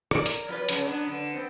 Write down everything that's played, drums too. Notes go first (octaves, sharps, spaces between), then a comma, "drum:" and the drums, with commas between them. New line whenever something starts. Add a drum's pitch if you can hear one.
A#4 D5, drum: rim click
drum: hi-hat
F#3 F4 B4
C#3 F#3, drum: hi-hat
F#3 B3 D4
D3
B3 C4